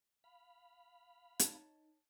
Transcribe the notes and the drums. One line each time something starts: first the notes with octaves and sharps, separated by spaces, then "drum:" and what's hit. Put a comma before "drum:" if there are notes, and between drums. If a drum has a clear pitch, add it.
F5 B5
D#4 C#5 A5, drum: hi-hat